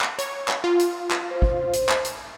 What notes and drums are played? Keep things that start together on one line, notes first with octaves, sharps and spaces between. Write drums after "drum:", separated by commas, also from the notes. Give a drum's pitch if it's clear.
drum: clap
C#5, drum: hi-hat
drum: clap
F4
drum: hi-hat
drum: clap
C5
drum: kick
drum: hi-hat
drum: clap
drum: hi-hat